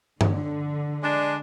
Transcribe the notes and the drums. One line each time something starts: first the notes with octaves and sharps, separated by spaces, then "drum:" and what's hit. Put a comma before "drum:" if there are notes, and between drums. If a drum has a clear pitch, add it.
D3, drum: tom G2
G#3 D4